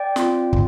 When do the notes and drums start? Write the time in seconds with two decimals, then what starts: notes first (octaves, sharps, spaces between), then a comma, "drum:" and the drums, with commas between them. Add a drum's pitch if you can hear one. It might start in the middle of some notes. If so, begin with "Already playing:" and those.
Already playing: D5 G5
0.16 C4 F4, drum: snare
0.53 drum: kick